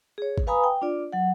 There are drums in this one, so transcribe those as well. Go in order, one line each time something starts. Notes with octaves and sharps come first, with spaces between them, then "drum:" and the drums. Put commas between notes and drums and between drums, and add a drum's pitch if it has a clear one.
G#4 C#5
drum: kick
B4 F5 G#5 A#5 B5 D#6
G5
D4 F4 D5
F#3 F#5